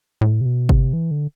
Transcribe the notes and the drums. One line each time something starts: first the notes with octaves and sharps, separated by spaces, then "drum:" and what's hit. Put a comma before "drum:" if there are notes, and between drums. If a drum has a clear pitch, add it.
A2
C3
B2
C3, drum: kick G1
E3
D3